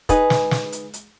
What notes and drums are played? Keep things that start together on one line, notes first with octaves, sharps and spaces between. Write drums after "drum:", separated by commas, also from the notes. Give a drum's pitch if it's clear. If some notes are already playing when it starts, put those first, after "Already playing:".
D#4 G#4 B4, drum: kick, hi-hat
drum: snare
drum: snare
drum: hi-hat
drum: hi-hat